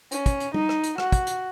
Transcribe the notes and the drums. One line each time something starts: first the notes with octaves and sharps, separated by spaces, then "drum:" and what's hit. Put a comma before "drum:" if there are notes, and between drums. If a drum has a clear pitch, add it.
C#4, drum: hi-hat
drum: kick, hi-hat
drum: hi-hat
D#4, drum: tom G3
drum: rim click
drum: hi-hat
F#4, drum: rim click
drum: kick, hi-hat
drum: hi-hat